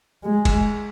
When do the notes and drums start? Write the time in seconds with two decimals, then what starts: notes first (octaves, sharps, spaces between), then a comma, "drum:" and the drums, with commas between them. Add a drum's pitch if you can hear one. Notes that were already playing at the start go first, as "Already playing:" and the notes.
0.24 G#3
0.45 drum: kick, cymbal